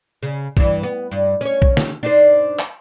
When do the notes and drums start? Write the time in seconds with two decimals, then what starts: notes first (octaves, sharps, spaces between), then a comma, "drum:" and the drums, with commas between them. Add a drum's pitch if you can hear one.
0.23 C#3
0.57 G2 E3, drum: kick
0.83 B3
1.12 G2
1.41 C#4 C#5
1.62 drum: kick
1.77 drum: snare
2.03 D4 D#4 C5
2.59 drum: clap